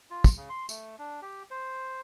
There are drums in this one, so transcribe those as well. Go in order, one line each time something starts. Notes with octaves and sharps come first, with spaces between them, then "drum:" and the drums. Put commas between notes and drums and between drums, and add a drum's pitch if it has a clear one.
F4
drum: kick, tambourine
C#3
C6
A3, drum: tambourine
D4
G4
C5